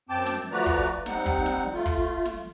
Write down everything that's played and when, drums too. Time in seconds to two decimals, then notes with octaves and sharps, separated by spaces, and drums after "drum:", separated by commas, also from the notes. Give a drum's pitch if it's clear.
0.09 F#2 C4 G5 A5 D6
0.26 drum: snare
0.52 F3 A3 F#4 B4 D5 A#5
0.66 drum: kick
0.86 drum: hi-hat
1.06 G3 C4 D#4 F#5, drum: snare
1.26 drum: kick, hi-hat
1.46 drum: snare
1.73 A3 F4
1.86 drum: kick
2.06 drum: hi-hat
2.25 drum: snare